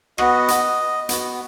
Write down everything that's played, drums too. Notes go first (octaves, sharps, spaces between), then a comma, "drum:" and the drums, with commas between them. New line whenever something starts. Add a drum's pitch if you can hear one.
B3 F#4 D#5, drum: rim click
drum: hi-hat
B3 F#4, drum: hi-hat